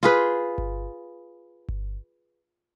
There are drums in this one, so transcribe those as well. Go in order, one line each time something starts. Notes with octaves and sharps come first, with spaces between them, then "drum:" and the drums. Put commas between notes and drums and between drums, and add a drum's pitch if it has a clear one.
F4 G#4 B4
drum: kick G1
drum: kick G1